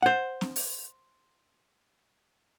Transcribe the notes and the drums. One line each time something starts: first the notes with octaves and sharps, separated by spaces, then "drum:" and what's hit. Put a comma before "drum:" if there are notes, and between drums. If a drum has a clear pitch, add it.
C5 F#5
drum: snare C4
drum: open hi-hat